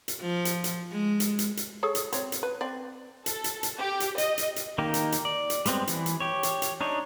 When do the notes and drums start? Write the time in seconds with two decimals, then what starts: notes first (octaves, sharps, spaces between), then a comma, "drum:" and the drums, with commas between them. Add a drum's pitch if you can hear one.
0.08 drum: hi-hat
0.21 F3
0.45 drum: hi-hat
0.64 drum: hi-hat
0.91 G#3
1.20 drum: hi-hat
1.39 drum: hi-hat
1.57 drum: hi-hat
1.83 G#4 A4 C#5
1.95 drum: hi-hat
2.12 C4 C#5, drum: hi-hat
2.32 drum: hi-hat
2.43 B4
2.61 C4 D5
3.26 A4, drum: hi-hat
3.44 drum: hi-hat
3.63 drum: hi-hat
3.78 G4
4.00 drum: hi-hat
4.18 D#5, drum: hi-hat
4.38 drum: hi-hat
4.56 drum: hi-hat
4.78 D#3 A#3 D#4 G4
4.94 drum: hi-hat
5.12 drum: hi-hat
5.25 D5
5.50 drum: hi-hat
5.66 G3 G#3 B3 C4, drum: hi-hat
5.87 E3, drum: hi-hat
6.06 drum: hi-hat
6.20 G4 C#5
6.43 drum: hi-hat
6.62 drum: hi-hat
6.81 D4 D#4 C#5